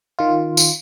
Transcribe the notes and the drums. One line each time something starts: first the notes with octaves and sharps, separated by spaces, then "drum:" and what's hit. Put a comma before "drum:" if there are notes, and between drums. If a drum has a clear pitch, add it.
D#3 F4
drum: tambourine